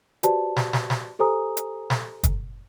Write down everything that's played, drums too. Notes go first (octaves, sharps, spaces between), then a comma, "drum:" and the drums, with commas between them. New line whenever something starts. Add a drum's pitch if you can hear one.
F#4 G4 B4 C5 D5 A5, drum: hi-hat
drum: snare
drum: snare
drum: snare
G4 A4 C5 G#5 A#5 D#6
drum: hi-hat
drum: snare
drum: kick, hi-hat